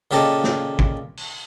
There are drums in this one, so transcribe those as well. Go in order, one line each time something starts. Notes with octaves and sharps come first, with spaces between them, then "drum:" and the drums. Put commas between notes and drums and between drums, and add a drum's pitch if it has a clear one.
A#2 C#3 G4 A4 A#4 D#5
drum: snare
drum: kick
drum: open hi-hat